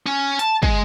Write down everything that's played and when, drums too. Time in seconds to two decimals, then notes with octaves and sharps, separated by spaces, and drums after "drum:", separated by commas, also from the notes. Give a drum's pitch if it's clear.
0.06 C#4
0.39 A5, drum: hi-hat
0.63 G#3, drum: kick